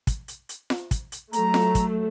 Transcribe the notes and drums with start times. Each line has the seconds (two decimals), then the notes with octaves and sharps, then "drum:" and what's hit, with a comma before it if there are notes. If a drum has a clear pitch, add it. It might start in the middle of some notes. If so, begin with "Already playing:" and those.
0.07 drum: kick, hi-hat
0.28 drum: hi-hat
0.49 drum: hi-hat
0.70 drum: snare F4
0.91 drum: kick, hi-hat
1.12 drum: hi-hat
1.33 F#3 A3 A#5, drum: hi-hat
1.54 drum: snare F4
1.75 drum: kick, hi-hat